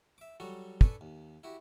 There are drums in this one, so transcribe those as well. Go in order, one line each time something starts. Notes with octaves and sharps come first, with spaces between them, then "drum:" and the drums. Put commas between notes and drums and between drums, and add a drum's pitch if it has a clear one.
E5 D6
F#3 G3 F#4 A4
D4 A4 B4 G#5 C#6 D6, drum: kick
D#2
E4 F#4 G4